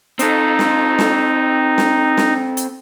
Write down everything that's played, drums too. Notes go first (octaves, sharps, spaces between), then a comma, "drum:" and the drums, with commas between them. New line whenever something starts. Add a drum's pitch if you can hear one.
C4 D#4 A4, drum: hi-hat
drum: snare
drum: snare
drum: snare
drum: snare
drum: hi-hat